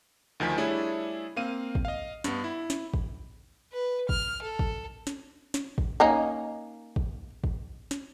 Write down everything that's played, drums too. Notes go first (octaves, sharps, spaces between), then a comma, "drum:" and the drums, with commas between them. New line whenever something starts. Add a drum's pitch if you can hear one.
D2 D#3 F3 G#5 B6
G3 A3 D4 E4 G#4 C#5
A#3 C4 F5 D#7
drum: kick
D#5 F5
G2 B3, drum: snare
E4
drum: snare
drum: kick
B4
F6, drum: kick
A4
drum: kick
drum: snare
drum: snare
drum: kick
A#3 C#4 D#4
drum: kick
drum: kick
drum: snare